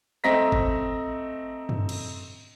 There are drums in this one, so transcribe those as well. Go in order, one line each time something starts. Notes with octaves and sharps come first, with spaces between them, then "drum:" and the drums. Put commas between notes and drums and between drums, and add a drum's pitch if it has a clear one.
A3 C4 D#5 A#5 A#6 B6
drum: kick G#1
drum: tom
drum: cymbal